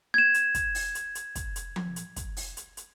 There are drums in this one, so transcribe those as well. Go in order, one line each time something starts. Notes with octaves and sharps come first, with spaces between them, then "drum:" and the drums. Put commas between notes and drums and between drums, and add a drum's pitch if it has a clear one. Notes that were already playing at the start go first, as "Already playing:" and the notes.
G#6 E7
drum: hi-hat
drum: kick, hi-hat
drum: open hi-hat
drum: hi-hat
drum: hi-hat
drum: kick, hi-hat
drum: hi-hat
drum: tom F3
drum: hi-hat
drum: kick, hi-hat
drum: open hi-hat
drum: hi-hat
drum: hi-hat